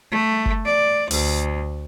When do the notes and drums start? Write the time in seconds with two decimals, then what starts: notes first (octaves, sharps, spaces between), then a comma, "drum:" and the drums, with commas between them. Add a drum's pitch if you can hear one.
0.11 A3
0.46 drum: kick F#1
0.66 D5
1.11 D2, drum: open hi-hat